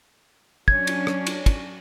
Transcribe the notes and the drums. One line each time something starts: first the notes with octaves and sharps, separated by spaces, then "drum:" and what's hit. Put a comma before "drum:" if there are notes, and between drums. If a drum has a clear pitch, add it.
F#3 C#4 D4 G#6, drum: kick
drum: cymbal
drum: rim click
drum: cymbal
drum: kick, cymbal